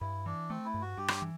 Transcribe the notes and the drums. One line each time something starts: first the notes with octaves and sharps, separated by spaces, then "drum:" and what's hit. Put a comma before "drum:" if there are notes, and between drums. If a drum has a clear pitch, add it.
G2 E4
E3 D4
A3 C4
E4
G2
F#4
G2 G4
drum: rim click
E3